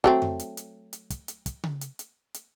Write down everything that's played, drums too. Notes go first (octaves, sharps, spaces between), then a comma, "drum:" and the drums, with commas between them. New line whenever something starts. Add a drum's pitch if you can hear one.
F#3 A3 C4, drum: kick
drum: tom F2
drum: hi-hat
drum: hi-hat
drum: hi-hat
drum: kick, hi-hat
drum: hi-hat
drum: kick, hi-hat
drum: tom C#3
drum: hi-hat
drum: hi-hat
drum: hi-hat